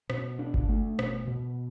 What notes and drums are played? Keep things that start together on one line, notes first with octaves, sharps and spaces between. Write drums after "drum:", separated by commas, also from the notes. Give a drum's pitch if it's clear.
B2, drum: rim click
D4
drum: kick G1
A3
B2, drum: rim click
B2